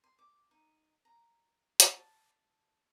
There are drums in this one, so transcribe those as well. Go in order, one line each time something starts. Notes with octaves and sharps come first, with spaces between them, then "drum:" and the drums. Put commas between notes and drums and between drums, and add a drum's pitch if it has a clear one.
C6
D6
D#4
A#5
drum: hi-hat
A5